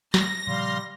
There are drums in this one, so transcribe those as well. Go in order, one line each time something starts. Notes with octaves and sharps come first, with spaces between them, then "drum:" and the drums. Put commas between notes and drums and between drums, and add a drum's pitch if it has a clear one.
A#6, drum: snare
A#2 C#3 F3 G3 F5 C6